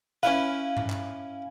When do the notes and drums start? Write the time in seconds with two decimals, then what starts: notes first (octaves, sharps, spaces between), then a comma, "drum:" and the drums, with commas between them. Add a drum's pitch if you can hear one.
0.23 C#4 E4 B4 F5, drum: hi-hat
0.77 drum: tom G2
0.90 drum: clap